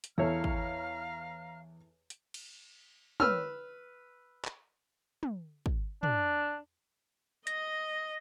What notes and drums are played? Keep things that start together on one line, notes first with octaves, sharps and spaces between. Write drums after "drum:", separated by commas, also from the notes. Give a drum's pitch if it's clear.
drum: hi-hat
E2 E4 A4 C#5 F5 A#5 F6
drum: kick
drum: hi-hat
drum: cymbal
B4 E6 F6, drum: tom
drum: clap
drum: tom
drum: kick
D4, drum: tom
D#5 A#6, drum: hi-hat